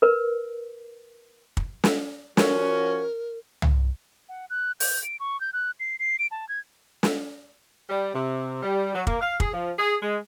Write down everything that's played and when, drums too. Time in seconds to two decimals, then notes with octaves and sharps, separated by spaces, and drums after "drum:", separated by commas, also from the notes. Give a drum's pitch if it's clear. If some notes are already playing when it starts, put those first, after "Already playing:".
0.02 A#4 B4
1.57 drum: kick
1.84 drum: snare
2.37 F3 C#4 F#4 A#4, drum: snare
3.62 drum: tom C2
4.29 F#5
4.50 F#6
4.80 G6, drum: open hi-hat
5.04 D7
5.20 C#6
5.41 G6
5.53 F#6
5.80 C7
5.99 C7
6.19 D7
6.31 A5
6.49 G#6
7.03 drum: snare
7.89 G3
8.14 C3
8.62 G3
8.94 F#3
9.07 A#3, drum: kick
9.21 F5
9.40 G#4, drum: kick
9.54 F3
9.79 G#4
10.02 G#3